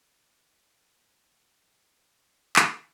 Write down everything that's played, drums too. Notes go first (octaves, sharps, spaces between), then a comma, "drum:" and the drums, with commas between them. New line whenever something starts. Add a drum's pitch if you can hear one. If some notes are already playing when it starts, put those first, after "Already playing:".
D3
E1 A1 D3
drum: clap